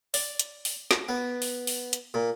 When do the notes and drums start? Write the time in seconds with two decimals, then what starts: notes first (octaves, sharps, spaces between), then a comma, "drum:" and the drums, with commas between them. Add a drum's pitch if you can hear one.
0.14 D5, drum: open hi-hat
0.39 drum: hi-hat
0.65 drum: open hi-hat
0.91 drum: snare
1.09 B3
1.42 drum: open hi-hat
1.67 drum: open hi-hat
1.93 drum: hi-hat
2.14 A#2